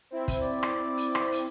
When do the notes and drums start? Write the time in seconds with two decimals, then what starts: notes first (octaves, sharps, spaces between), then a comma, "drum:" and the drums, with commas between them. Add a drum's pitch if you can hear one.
0.11 C4 E4
0.28 drum: kick, hi-hat
0.42 D5
0.63 drum: rim click
0.97 drum: hi-hat
1.15 drum: rim click
1.32 drum: hi-hat